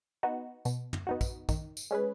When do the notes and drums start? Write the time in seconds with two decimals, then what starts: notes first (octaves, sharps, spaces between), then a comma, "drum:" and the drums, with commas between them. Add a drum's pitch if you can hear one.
0.23 B3 D#4 F#4
0.65 B2, drum: tambourine
0.93 drum: tom
1.07 B3 D#4 F#4
1.21 drum: kick, tambourine
1.49 D#3, drum: kick, tambourine
1.77 drum: tambourine
1.91 G#3 C#4 G#4 B4